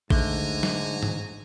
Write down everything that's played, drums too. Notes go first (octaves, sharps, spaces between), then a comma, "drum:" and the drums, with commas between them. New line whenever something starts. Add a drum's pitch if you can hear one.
G#2 D3 A3 C#5 G#5 A#5 G7, drum: kick A1
drum: snare
drum: tom G#2